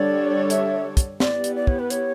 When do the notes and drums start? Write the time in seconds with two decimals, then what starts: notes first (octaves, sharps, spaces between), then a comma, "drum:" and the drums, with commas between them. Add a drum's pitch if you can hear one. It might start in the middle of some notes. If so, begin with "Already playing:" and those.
Already playing: D3 G3 D4 A4 C#5 D5
0.50 E5, drum: hi-hat
0.97 drum: kick, hi-hat
1.20 B3 E4 G4 D5, drum: snare
1.44 drum: hi-hat
1.56 D5
1.67 C#5, drum: kick
1.79 B4
1.90 C#5, drum: hi-hat